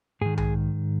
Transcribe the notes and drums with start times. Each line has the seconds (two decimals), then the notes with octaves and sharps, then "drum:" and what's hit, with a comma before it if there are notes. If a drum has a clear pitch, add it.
0.21 G#2 D#3 G#4
0.38 G#4, drum: tom B1